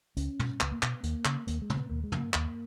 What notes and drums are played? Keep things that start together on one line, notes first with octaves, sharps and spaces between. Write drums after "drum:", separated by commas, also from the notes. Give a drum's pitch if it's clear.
C#2 C#4, drum: hi-hat
B2, drum: tom
C#2 B3, drum: clap
A#3
B2 B3, drum: clap
D#2 A#3, drum: hi-hat
C#3, drum: clap
D#2 A#3, drum: hi-hat
G#3
C#3, drum: tom
B3
D#2 A#3
G#3
C#3 A#3, drum: tom
D#2 A#3, drum: clap